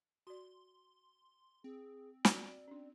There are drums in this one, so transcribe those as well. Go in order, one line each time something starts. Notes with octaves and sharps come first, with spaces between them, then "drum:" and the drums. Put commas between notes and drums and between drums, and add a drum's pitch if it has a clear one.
F#4 D5 C6
C4 G#4
F#4 D5, drum: snare
C#4 D4